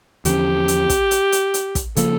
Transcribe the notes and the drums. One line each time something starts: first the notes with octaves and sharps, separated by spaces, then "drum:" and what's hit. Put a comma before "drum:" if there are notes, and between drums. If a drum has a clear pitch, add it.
E2 D3 F3 C#4 G4, drum: hi-hat
drum: hi-hat
drum: kick, hi-hat
drum: hi-hat
drum: hi-hat
drum: hi-hat
drum: kick, hi-hat
C#3 F3 A#3 A4, drum: hi-hat